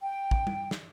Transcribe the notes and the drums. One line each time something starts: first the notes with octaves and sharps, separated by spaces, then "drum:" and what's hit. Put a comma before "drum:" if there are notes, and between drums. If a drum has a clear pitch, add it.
G5
drum: kick
drum: tom G3
drum: snare